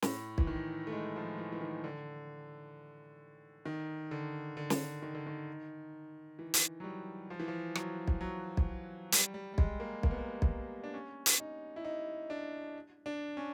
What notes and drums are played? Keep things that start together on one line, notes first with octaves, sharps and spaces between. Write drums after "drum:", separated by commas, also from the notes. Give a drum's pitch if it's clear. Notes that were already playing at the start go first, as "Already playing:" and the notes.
A2, drum: snare
E3, drum: kick B1
D#3
A3
G#3
F3
E3
E3
D#3
D3
D#3
D3
D3
drum: snare
D#3
D3
D#3
E3
drum: hi-hat
F#3
G3
F3
E3
F3
F#3, drum: rim click
drum: kick B1
F#3
drum: kick B1
G3, drum: hi-hat
G3
G3
G#3, drum: kick B1
A#3
A#3, drum: kick B1
B3
A#3
drum: kick B1
D4
C#4
drum: hi-hat
D#4
E4
D#4
D4
D4
C#4